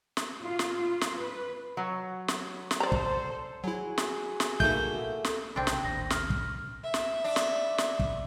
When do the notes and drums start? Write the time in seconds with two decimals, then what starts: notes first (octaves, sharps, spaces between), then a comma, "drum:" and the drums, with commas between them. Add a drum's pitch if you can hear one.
0.17 drum: snare
0.42 F4
0.59 drum: snare
0.80 F4
1.01 drum: snare
1.17 B4
1.77 F#3 C#5
2.28 drum: snare
2.71 drum: snare
2.80 A4 C5 D5 A#5
2.92 drum: kick
3.64 F#3 E4 F#4 G#4
3.98 drum: snare
4.40 drum: snare
4.60 B2 A3 A#3 D#4 E4 G6, drum: kick
5.24 drum: snare
5.56 B1 C3 C4 D4
5.67 drum: snare
5.84 A1 D#2 A#2 A#6
6.10 F6, drum: snare
6.30 drum: kick
6.84 E5
6.94 drum: snare
7.24 D4
7.36 drum: snare
7.78 drum: snare
7.99 drum: kick